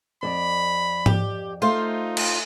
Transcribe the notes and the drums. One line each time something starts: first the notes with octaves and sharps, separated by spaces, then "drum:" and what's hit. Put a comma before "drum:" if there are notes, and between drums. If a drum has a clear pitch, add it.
F2 D5 B5
G4, drum: tom G#2
A3 D#4 F4 C5
drum: cymbal